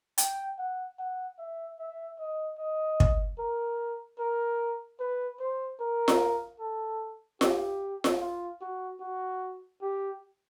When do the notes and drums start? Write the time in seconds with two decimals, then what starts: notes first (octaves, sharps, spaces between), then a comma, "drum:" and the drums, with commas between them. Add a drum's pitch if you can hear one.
0.18 G5, drum: hi-hat
0.58 F#5
0.99 F#5
1.38 E5
1.79 E5
2.18 D#5
2.58 D#5
3.00 drum: kick
3.39 A#4
4.19 A#4
5.00 B4
5.40 C5
5.80 A#4
6.08 drum: snare F4
6.60 A4
7.41 G4, drum: snare F4
8.04 drum: snare F4
8.20 F4
8.61 F#4
9.00 F#4
9.82 G4